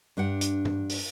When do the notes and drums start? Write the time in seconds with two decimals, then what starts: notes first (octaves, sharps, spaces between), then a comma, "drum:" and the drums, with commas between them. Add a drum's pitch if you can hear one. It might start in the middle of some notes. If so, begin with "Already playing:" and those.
0.17 G2 D4 G4 F#5
0.41 drum: hi-hat
0.65 drum: tom
0.89 drum: open hi-hat